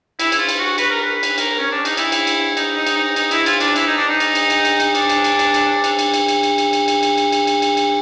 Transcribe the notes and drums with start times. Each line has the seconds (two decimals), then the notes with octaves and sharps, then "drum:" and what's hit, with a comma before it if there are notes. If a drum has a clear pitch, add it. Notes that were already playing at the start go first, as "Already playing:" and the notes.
0.20 E4, drum: cymbal
0.32 E4, drum: cymbal
0.38 F4
0.49 drum: cymbal
0.59 F#4
0.78 B4, drum: cymbal
0.90 A#4
1.01 B4
1.23 drum: cymbal
1.38 A#4, drum: cymbal
1.59 C#4
1.71 D4
1.85 D#4, drum: cymbal
1.97 E4, drum: cymbal
2.12 drum: cymbal
2.27 drum: cymbal
2.57 D#4, drum: cymbal
2.76 D#4
2.87 drum: cymbal
2.96 D#4
3.16 D#4, drum: cymbal
3.31 E4, drum: cymbal
3.46 F4, drum: cymbal
3.61 D4, drum: cymbal
3.76 E4, drum: cymbal
3.87 D#4
3.98 D4
4.09 D#4
4.20 drum: cymbal
4.35 drum: cymbal
4.50 drum: cymbal
4.65 drum: cymbal
4.80 drum: cymbal
4.95 D4, drum: cymbal
5.10 drum: cymbal
5.24 drum: cymbal
5.39 drum: cymbal
5.54 drum: cymbal
5.84 drum: cymbal
5.99 drum: cymbal
6.14 drum: cymbal
6.28 drum: cymbal
6.43 drum: cymbal
6.58 drum: cymbal
6.73 drum: cymbal
6.88 drum: cymbal
7.03 drum: cymbal
7.18 drum: cymbal
7.33 drum: cymbal
7.47 drum: cymbal
7.62 drum: cymbal
7.77 drum: cymbal